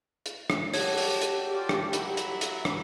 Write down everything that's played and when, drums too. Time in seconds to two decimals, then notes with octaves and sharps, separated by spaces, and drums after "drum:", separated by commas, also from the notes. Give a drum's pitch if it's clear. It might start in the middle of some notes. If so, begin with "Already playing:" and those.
0.26 drum: hi-hat
0.50 drum: rim click
0.74 F#4 G4 A4 C#5, drum: open hi-hat
0.97 drum: open hi-hat
1.21 drum: hi-hat
1.51 C#4 F4 D5
1.69 drum: rim click
1.93 F#3 E4 B5, drum: hi-hat
2.17 drum: hi-hat
2.41 drum: hi-hat
2.65 drum: rim click